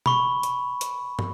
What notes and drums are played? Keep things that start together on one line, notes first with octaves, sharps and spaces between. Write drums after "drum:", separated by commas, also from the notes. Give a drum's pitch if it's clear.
B5 C#6, drum: tom B2
drum: hi-hat
drum: hi-hat
drum: tom